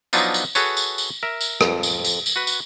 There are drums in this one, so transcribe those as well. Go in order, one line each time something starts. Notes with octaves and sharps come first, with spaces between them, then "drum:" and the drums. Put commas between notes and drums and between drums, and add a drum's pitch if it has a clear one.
F3 F#3 B3 D4 D#4 F4, drum: tambourine
drum: tambourine
F#4 G#4 A4 B4 C#5, drum: tambourine
drum: tambourine
drum: tambourine
A#4 E5
drum: tambourine
F2, drum: rim click
drum: tambourine
drum: tambourine
drum: tambourine
F#4 B4
drum: tambourine